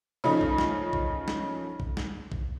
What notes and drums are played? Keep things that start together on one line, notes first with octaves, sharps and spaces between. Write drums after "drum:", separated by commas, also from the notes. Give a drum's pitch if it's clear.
C#3 F3 A3 D#4
drum: kick A#1
drum: snare
drum: kick A#1
drum: snare
drum: kick A#1
drum: snare
drum: kick A#1